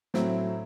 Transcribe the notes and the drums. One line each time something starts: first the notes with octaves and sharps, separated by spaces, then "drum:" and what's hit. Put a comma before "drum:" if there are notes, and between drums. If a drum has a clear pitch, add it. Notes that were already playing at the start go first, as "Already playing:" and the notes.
A2 F#3 C4 E4, drum: snare